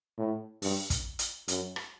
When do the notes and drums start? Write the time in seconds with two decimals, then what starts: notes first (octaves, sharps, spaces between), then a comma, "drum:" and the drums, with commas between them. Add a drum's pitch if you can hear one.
0.18 A2
0.62 G2, drum: open hi-hat
0.90 drum: kick, hi-hat
1.19 drum: hi-hat
1.48 F#2, drum: hi-hat
1.76 drum: rim click